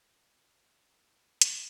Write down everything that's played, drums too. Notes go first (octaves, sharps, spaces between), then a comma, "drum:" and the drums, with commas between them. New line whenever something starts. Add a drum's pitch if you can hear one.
D#3 G3 B3 D4 B4
D#3 C5
B3 D#4 B4
B2
drum: hi-hat
G3 C4